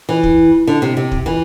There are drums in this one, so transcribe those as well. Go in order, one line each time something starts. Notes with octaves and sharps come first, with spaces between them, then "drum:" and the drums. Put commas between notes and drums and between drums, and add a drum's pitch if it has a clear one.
E3
drum: kick
D3
C3
C3
drum: kick
E3